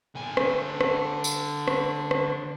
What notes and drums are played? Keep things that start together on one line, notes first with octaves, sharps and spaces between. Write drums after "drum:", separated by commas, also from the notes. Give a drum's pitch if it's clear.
D3 G#5
drum: rim click
drum: rim click
drum: tambourine
drum: rim click
drum: rim click